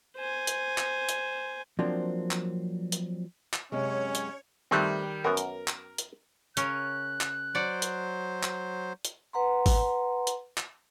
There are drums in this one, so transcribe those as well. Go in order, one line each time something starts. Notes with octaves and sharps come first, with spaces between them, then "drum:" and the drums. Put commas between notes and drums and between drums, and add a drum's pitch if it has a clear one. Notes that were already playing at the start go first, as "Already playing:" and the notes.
C5 G#5
drum: hi-hat
drum: clap
drum: hi-hat
F3 F#3 A#3 C4 D4
drum: clap
drum: hi-hat
drum: clap
F#2 C3 G#3 C#4 C#5
drum: hi-hat
D#3 G3 A3 C4 F#6
F#2 B3 A#4
drum: hi-hat
drum: clap
drum: hi-hat
C#3 C#4 A#4 F#6, drum: hi-hat
drum: clap
F#3 C5 D5 F#5
drum: hi-hat
drum: clap
drum: hi-hat
B4 F#5 A#5 C6
drum: kick G#1, open hi-hat
drum: hi-hat
drum: clap